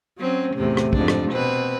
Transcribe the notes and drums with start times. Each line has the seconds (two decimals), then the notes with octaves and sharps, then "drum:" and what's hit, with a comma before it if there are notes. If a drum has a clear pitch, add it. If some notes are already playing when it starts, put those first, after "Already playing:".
0.18 F#3 C4 C#4
0.55 E2 A2 C3
0.77 drum: rim click
0.93 F2 G#2 D4, drum: kick
1.08 drum: rim click
1.31 B2 C4 B4